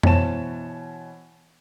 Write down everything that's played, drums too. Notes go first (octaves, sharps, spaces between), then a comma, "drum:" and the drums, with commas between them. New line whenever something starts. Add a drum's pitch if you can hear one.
B2 E3 C5 C#5 A5 E7, drum: tom F2